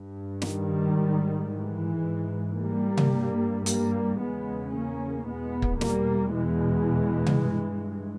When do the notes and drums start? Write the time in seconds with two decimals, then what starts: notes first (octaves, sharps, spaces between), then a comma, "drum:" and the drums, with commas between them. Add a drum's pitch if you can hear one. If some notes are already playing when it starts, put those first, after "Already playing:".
Already playing: G2
0.42 D#3 G3, drum: snare
0.97 G#2
1.50 E3 G#3
2.04 G#2
2.58 G3 A#3
2.97 drum: tom C3
3.12 G2
3.66 G3 A#3, drum: hi-hat
4.19 E2 C#3 G#3 B3
4.73 A#3 C#4
5.27 E2 B2 G#3 B3
5.62 drum: kick
5.81 G3 A#3, drum: snare
6.35 E2 B2 E3 G#3
7.26 drum: tom C3
7.43 G2